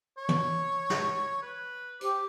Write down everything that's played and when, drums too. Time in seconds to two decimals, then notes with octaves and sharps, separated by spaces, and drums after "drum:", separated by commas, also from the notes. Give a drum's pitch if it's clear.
0.18 C#5
0.29 drum: tom
0.90 drum: snare
1.43 B4
2.01 G4 C5 D6, drum: hi-hat